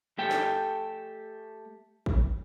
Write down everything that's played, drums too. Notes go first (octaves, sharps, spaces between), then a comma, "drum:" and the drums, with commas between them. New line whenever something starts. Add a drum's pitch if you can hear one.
A3 G4 A4 G5
drum: snare
drum: kick